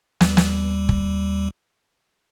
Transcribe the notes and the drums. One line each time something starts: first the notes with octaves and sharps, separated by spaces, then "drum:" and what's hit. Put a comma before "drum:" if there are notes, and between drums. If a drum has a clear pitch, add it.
D#2 G3, drum: snare
drum: snare
drum: kick